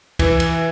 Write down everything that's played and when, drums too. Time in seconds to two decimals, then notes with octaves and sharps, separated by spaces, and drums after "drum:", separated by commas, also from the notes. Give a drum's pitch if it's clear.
0.19 E3, drum: kick, cymbal
0.40 drum: cymbal